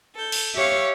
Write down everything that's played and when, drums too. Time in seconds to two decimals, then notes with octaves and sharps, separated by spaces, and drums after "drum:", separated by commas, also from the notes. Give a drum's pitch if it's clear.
0.16 A4 G6
0.32 drum: cymbal
0.54 G4 C#5 E5 F5 C#6